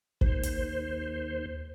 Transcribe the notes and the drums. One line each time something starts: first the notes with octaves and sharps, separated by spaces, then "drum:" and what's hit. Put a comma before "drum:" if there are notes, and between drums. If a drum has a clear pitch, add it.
D#2 C5, drum: kick
drum: hi-hat